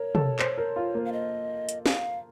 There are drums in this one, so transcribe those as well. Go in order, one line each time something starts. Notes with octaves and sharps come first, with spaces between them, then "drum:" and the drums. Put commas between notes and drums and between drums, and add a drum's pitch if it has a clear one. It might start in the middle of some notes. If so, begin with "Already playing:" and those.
Already playing: A#4 C#5
A4, drum: tom
C5, drum: clap
A#4
F4
A#3
F5
D#5
drum: hi-hat
F5, drum: snare